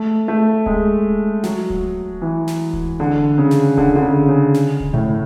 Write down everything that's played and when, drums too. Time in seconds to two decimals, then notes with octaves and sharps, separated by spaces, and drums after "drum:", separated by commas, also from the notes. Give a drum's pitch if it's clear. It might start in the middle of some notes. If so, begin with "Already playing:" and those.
Already playing: A3
0.28 A3
0.66 G#3, drum: kick D1
1.43 F#3, drum: snare
1.70 drum: kick D1
2.22 E3
2.47 drum: snare
2.73 drum: kick D1
3.00 D3
3.38 C#3
3.51 drum: snare
3.77 D3, drum: kick D1
3.96 D3
4.02 C#3
4.29 C#3
4.54 drum: snare
4.80 drum: kick D1
4.93 A2